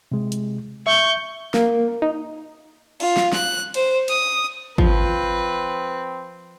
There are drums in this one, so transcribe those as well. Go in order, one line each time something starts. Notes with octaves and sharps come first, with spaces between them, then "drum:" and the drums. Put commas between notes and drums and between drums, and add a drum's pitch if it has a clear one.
C3 G#3
drum: hi-hat
E5 C#6 G6
A#3, drum: snare
D#4
F4, drum: cymbal
drum: snare
F#6, drum: snare
C5, drum: cymbal
D#6, drum: cymbal
F3 C4 B4, drum: kick G#1